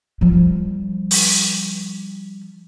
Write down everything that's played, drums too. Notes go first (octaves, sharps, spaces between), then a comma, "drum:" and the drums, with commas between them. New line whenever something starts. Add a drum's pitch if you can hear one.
F3 G3
drum: open hi-hat